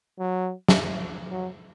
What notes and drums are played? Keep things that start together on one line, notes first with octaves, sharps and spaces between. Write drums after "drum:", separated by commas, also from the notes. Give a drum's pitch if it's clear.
F#3
drum: snare
F#3